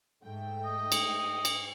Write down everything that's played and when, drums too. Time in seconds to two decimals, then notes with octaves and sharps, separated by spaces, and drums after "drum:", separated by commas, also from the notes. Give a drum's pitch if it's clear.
0.24 G#2 A3 G5
0.65 D#5
0.92 drum: cymbal
1.45 drum: cymbal